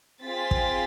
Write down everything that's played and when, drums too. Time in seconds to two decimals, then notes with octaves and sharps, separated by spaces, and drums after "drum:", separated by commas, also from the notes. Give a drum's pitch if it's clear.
0.24 C4 F4 G#4 A6 B6
0.51 drum: kick